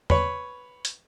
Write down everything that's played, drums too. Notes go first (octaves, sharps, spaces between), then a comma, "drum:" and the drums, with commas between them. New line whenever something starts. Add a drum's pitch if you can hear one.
B4 C#5, drum: tom E2
drum: hi-hat